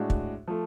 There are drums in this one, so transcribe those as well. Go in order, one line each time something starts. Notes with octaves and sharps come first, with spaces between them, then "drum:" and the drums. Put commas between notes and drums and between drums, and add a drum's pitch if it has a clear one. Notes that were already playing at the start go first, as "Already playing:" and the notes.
Already playing: A2 G#3 D4 F#4
drum: kick
F3 A3